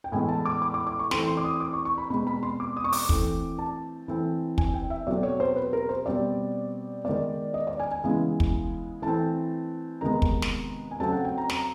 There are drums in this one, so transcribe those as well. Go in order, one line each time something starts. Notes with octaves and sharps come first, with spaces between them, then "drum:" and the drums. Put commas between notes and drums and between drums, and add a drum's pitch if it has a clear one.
G5
A2 E3 G#3 B3 G#5
A5
D6
D6
D6
D6
C#6
E3 A3 C4 C6, drum: snare
C6
D6
D#6
D6
C#6
C#6
B5
B2 G#3 C4 B5
B5
C6
D6
D#6
C#6
D6, drum: open hi-hat
E3 A3 C4, drum: kick
A5
E3 A3 C4
G#5, drum: kick
G5
E5
B2 F#3 A3 C4 D5
C#5
C5
B4
A#4
C5
B2 G3 C4 D5
D#3 G#3 B3 D5
D#5
D5
G#5
G#5
C#3 E3 G#3 B3
drum: kick
E3 A3 C4 A5
C3 D#3 G#3 B3 A#5
drum: kick
drum: snare
G#5
C#3 F#3 A3 C4 A5
F#5
G5
A#5
A#5, drum: snare